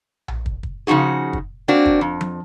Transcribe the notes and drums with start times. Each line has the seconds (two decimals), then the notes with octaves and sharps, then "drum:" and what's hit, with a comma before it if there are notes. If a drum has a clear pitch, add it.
0.28 drum: tom A#1
0.46 drum: kick
0.63 drum: kick
0.87 C#3 F3 D#4 F#4 G#4
1.33 drum: kick
1.68 A#3 C4 D4 F#4
1.86 drum: kick
2.01 F2
2.21 drum: tom F3